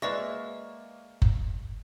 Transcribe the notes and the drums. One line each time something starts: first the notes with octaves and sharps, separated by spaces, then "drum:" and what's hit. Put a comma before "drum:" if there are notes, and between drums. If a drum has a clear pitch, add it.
G#3 A#3 B4 D5 E5 C#6 A#6
drum: kick F#1